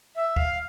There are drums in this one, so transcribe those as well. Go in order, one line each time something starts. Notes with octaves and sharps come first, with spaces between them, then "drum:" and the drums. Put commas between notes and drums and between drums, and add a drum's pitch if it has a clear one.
E5
F5, drum: kick